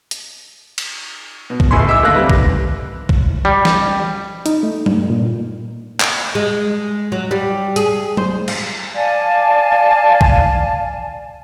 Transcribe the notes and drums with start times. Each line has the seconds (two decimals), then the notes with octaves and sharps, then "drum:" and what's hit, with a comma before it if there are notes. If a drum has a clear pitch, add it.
0.11 drum: hi-hat
0.78 drum: cymbal
1.50 B2
1.60 drum: kick
1.71 D1 C#2 A2 G#5 B5 C6
1.87 D#5 E5 D6 E6
2.02 G#1 D#2 D3 F5 F#6 A#6
2.14 E3 G3 C4
2.30 drum: kick
3.09 drum: kick
3.45 G3
3.65 drum: snare
4.46 D#4, drum: hi-hat
4.63 A3
4.86 G2, drum: tom F#3
5.10 A#2
6.00 drum: clap
6.35 G#3
7.12 F#3
7.31 G3
7.76 G#4, drum: hi-hat
8.17 C5, drum: tom F#3
8.48 F4, drum: cymbal
8.93 D5 F5 G#5 A5
10.21 drum: kick